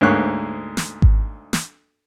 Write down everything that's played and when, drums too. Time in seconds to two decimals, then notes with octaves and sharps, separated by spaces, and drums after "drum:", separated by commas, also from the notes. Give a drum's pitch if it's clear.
0.01 D2 G#2 A#3 C#5 F#6
0.77 drum: snare
1.02 drum: kick G#1
1.53 drum: snare